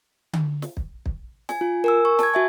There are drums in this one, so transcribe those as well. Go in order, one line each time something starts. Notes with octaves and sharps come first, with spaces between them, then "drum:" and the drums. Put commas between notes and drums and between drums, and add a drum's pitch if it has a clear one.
drum: tom D3
drum: snare
drum: kick
drum: kick
G#5, drum: snare
F4
A#4 G#5 E6
C#6
A5 G#6, drum: snare
F#4 E5 G#5